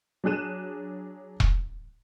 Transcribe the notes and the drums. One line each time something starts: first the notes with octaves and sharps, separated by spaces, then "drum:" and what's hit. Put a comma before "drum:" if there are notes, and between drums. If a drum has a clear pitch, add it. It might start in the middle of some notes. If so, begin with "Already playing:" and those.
F#3 D4 G#4 F#6 D#7 E7
drum: kick E1